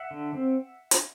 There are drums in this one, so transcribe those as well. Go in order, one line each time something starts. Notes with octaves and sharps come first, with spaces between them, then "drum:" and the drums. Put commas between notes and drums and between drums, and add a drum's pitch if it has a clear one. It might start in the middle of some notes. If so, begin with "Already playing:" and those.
Already playing: E5 F#5
D3
C4
drum: hi-hat